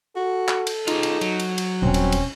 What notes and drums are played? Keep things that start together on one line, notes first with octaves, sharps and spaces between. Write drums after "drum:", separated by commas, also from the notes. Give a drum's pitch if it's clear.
F#4 A4
drum: clap
drum: cymbal
D#4 F4 F#4 G#4, drum: cymbal
drum: cymbal
F#3, drum: cymbal
drum: cymbal
drum: cymbal
D#1 C4 C#4
drum: cymbal
drum: cymbal